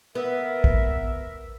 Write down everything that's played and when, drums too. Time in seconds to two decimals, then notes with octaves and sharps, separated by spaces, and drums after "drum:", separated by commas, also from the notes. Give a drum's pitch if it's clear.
0.15 B3 A#4 E5
0.64 drum: kick